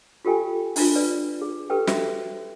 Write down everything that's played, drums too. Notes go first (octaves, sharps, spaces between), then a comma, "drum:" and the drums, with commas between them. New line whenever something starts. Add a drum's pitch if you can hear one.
F4 G4 A4 G5 G#5
D4 E4 F4, drum: open hi-hat
B4 D5
G#4
G4 A4 B4 G5
F#4 C5 E5, drum: snare